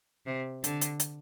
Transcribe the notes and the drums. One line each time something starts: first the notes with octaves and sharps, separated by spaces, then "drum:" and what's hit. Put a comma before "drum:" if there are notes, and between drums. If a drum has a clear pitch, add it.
C3
D3, drum: hi-hat
drum: hi-hat
drum: hi-hat